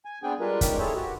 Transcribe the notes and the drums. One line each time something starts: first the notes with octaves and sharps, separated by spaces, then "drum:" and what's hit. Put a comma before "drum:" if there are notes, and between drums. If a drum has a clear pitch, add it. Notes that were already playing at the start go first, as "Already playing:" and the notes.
G#5
B3 C4 D4 G#4 G5 G#5
G3 G#3 D4 F4 A#4 B4
G#3 C#4 D#4 G4 A#4 D5, drum: kick, hi-hat
C4 E4 G#4 A4 C5 C#5
F#4 G4